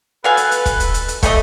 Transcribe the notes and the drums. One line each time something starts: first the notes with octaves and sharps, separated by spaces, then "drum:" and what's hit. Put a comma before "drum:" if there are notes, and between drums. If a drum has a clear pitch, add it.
F#4 A4 B4 F5 G#5
drum: hi-hat
drum: hi-hat
drum: kick, hi-hat
drum: hi-hat
drum: hi-hat
drum: hi-hat
F3 A3 G#4 D#5, drum: kick, hi-hat